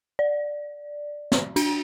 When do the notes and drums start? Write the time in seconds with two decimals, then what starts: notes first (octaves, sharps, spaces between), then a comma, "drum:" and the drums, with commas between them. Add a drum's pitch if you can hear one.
0.19 D5
1.32 drum: snare
1.56 D4, drum: cymbal